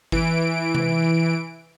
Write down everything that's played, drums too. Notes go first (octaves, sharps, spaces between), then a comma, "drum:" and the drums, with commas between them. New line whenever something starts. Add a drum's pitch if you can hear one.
E3 D7, drum: kick
drum: tom C3